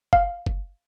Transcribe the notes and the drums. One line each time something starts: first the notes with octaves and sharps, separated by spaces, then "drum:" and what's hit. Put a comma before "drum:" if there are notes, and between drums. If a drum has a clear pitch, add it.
F5, drum: kick F#1
drum: kick F#1